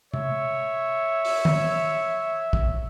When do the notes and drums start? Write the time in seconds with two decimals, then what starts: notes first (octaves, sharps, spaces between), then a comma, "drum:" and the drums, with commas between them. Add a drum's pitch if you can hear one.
0.14 C#5 E5, drum: tom C3
1.25 drum: open hi-hat
1.45 drum: tom
2.53 drum: kick